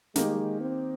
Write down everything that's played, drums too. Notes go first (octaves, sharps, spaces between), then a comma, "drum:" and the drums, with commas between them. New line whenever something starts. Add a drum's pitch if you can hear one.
D#3 G#3 A#3 D#4 G4, drum: snare
C4